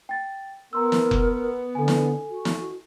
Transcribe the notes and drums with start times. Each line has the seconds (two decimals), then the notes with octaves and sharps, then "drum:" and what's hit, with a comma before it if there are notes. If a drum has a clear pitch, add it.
0.09 G5 A6
0.73 B3 A#4 A#5 C6 E6
0.92 drum: snare
1.11 drum: kick F1
1.75 D3 A4 G#5
1.88 drum: snare
2.30 F#4
2.45 drum: snare